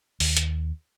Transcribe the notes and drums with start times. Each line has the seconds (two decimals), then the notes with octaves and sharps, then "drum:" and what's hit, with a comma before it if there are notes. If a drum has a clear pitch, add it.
0.20 D#2, drum: open hi-hat
0.37 drum: hi-hat